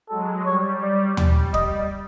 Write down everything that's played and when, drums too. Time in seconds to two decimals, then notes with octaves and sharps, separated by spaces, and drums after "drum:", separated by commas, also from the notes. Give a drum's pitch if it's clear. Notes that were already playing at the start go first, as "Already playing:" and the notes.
0.10 F#3 G#3 A4
0.46 G3 C#5
0.82 D5
1.17 G3, drum: tom D#2
1.54 G3 D#5, drum: kick